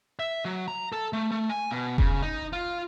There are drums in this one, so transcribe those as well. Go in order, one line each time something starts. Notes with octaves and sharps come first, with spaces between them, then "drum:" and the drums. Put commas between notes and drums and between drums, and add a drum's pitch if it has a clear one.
E5
F#3
A#5
A4
A3
A3
G#5
B2
C#3, drum: kick F1
D#4
F4